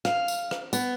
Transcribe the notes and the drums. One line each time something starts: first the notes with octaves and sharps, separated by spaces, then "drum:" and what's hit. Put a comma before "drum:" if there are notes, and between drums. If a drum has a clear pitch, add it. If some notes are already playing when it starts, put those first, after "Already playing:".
F5, drum: rim click
drum: tambourine
drum: rim click
B3, drum: tambourine